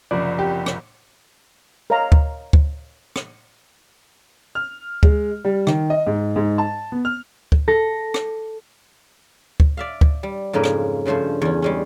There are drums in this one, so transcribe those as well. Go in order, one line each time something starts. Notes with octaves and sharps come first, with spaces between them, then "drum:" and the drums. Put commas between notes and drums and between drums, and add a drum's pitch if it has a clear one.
F#1 C2 F3 D5
G4
drum: rim click
A#4 C#5 D#5 F5 A#5
drum: kick D2
drum: kick D2
drum: rim click
F6
G#3, drum: kick D2
G3
D#3, drum: rim click
D#5
G#2
G#2
A5
B3
F6
drum: kick D2
A4 A#6
drum: rim click
drum: kick D2
D5 E5 F5
drum: kick D2
G3
F2 G#2 C#3 A#3 B4
drum: rim click
G2 C#3 F3 A3 C5
E2 C#4
G3 G#3 C#4